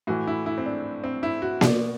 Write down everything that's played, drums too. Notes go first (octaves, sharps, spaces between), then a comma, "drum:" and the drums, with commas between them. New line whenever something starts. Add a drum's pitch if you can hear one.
A2 E3 F#4
E4
E4
C4
D4
C4
E4
F#4
B2 D5, drum: snare A#3